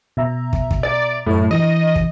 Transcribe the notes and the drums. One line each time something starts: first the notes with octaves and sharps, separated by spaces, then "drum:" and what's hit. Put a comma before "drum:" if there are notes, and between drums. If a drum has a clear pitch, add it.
B2 E5 A#5
drum: kick
drum: kick
D5
F#2 A2 C#5
E3 D#5
drum: kick